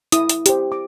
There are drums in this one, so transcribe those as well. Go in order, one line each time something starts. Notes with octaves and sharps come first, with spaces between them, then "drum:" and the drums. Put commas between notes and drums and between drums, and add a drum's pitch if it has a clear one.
E4 D#6, drum: hi-hat
drum: hi-hat
G4 C5, drum: hi-hat
D6